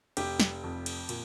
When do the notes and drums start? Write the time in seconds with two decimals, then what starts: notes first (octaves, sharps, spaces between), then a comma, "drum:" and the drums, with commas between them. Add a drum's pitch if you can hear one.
0.17 F1 G4, drum: cymbal
0.40 drum: snare
0.63 F2
0.86 drum: cymbal
1.09 A#2, drum: cymbal